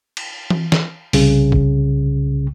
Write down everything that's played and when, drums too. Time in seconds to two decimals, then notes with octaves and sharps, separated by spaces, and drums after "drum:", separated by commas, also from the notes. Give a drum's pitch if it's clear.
0.17 drum: cymbal
0.50 drum: tom E3
0.72 drum: snare
1.13 C2 C#3, drum: open hi-hat
1.52 drum: kick